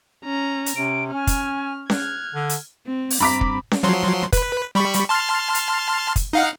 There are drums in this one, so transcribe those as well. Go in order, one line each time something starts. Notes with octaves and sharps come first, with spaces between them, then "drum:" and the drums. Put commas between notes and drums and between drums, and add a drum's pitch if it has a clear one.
C#4 A#5
drum: hi-hat
C3 C#4 D7
C#4 G#5 F6
drum: kick, hi-hat
F6 F#6 G#6, drum: snare C#4
D3
drum: hi-hat
C4
drum: open hi-hat
G2 C4 A#5 B5 D6 B6
drum: kick
drum: snare C#4
F3 F#3 C6
B4, drum: kick, hi-hat
G3 B5 C#6
drum: hi-hat
A5 C6 F6
drum: hi-hat
drum: kick, hi-hat
D#4 F5 F#5